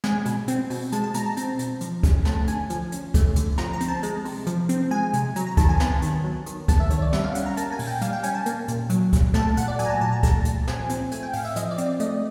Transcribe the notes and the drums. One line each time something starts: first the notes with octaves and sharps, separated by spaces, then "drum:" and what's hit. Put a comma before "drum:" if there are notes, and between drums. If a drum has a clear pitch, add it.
G#3 G#5, drum: snare
B2, drum: hi-hat
C4, drum: hi-hat
B2, drum: open hi-hat
G#3 A5, drum: hi-hat
A5
B2 A#5, drum: hi-hat
A5
C4, drum: hi-hat
B2, drum: hi-hat
F3, drum: hi-hat
C#4, drum: kick, hi-hat
A3 A5, drum: snare
D3 G#5, drum: hi-hat
F3, drum: hi-hat
C#4, drum: hi-hat
A3, drum: kick, hi-hat
D3, drum: hi-hat
F3 A#5, drum: snare
A#5
C4, drum: hi-hat
A5
G#3, drum: hi-hat
C3, drum: open hi-hat
F3, drum: hi-hat
C4, drum: hi-hat
G#3 G#5
C3, drum: hi-hat
F#3 A#5, drum: hi-hat
A#5
D#3 A5, drum: kick, hi-hat
G#5
B3 A5, drum: snare
D#3, drum: hi-hat
F#3
D#3, drum: hi-hat
B3 A5, drum: kick, hi-hat
E5
D#3 C#5, drum: hi-hat
D5
G3 E5, drum: snare
F5
C#4 F#5, drum: hi-hat
A#5
A#3 A5, drum: hi-hat
G#5
A#2, drum: open hi-hat
G5
G3 F5, drum: hi-hat
G5
C#4 G#5, drum: hi-hat
A5
A#3, drum: hi-hat
A#2, drum: hi-hat
F#3, drum: hi-hat
A#2, drum: kick, hi-hat
A3 A5, drum: snare
A#2 F#5, drum: hi-hat
D5
F#3 G#5, drum: hi-hat
A#5
A5
A#2 A5
A#5
A3 A5, drum: kick, hi-hat
A#2, drum: hi-hat
F3 G#5, drum: snare
C4, drum: hi-hat
A3 G#5, drum: hi-hat
G5
A2 F5, drum: open hi-hat
E5
F3 D#5, drum: hi-hat
D5
C4, drum: hi-hat
D5
A3 D#5, drum: hi-hat